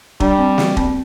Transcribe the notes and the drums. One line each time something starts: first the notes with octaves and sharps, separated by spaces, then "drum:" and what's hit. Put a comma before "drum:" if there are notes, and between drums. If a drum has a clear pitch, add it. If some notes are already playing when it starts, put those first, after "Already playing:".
G3 D4, drum: kick D#1
C4
drum: snare
C4, drum: kick D#1